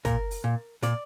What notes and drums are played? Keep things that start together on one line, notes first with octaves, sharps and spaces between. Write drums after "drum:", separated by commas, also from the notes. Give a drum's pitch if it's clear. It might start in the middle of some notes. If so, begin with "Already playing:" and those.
A#2 A#4, drum: kick, hi-hat
drum: open hi-hat
A#2
A#2 D5, drum: hi-hat